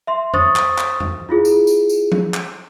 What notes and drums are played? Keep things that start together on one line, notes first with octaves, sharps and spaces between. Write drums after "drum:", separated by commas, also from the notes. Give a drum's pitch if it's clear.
E5 C6
C5 C#6 D#6 A6, drum: tom F2
drum: clap
drum: clap
drum: tom F2
E4 F4 G#4
drum: tambourine
drum: tambourine
drum: tambourine
drum: tom
drum: clap